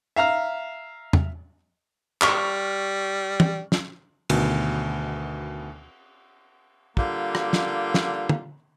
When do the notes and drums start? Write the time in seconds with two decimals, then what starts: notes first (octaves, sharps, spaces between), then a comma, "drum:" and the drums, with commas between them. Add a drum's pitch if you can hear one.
0.16 E5 F5 A#5 F6
1.13 drum: tom
2.22 G3 C#6 F6, drum: clap
3.40 drum: tom
3.72 drum: snare
4.30 D2 B2 D#3, drum: cymbal
6.97 D3 G3 A#3 F4, drum: kick
7.35 drum: rim click
7.53 drum: snare
7.94 drum: snare
8.29 drum: tom